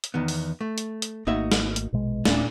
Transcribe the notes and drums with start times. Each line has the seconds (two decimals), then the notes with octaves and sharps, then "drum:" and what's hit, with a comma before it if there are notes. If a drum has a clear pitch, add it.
0.04 drum: hi-hat
0.14 E2 D#3 B3
0.28 drum: open hi-hat
0.61 A3
0.78 drum: hi-hat
1.02 drum: hi-hat
1.27 G#1 A3 A#3 D#4 F#4 E5
1.52 drum: snare
1.76 drum: hi-hat
1.93 A#1 B2 G#3
2.25 D#1 A#2 A3 C#4 D4, drum: snare